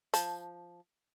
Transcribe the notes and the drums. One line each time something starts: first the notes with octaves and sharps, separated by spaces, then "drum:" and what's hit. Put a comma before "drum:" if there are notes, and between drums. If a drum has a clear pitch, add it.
F3 A5, drum: hi-hat